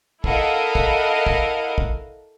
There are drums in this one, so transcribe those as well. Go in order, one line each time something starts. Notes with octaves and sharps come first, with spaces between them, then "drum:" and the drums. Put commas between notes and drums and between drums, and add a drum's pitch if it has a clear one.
E4 A4 A#4 D#5 F5 F#5, drum: kick
drum: kick
drum: kick
drum: kick